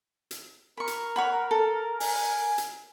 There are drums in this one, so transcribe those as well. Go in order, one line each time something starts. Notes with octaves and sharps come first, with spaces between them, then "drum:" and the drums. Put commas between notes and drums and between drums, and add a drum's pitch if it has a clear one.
drum: hi-hat
A#4 B5 C#6
drum: hi-hat
C#5 F#5 B5
A4
G#5, drum: open hi-hat
drum: hi-hat